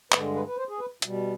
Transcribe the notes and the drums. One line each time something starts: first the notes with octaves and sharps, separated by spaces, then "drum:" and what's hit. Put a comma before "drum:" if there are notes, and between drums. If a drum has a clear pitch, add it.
G2 D3 G#3 B4, drum: clap
B4
B4
C5
G#4
B4
B2 G3, drum: hi-hat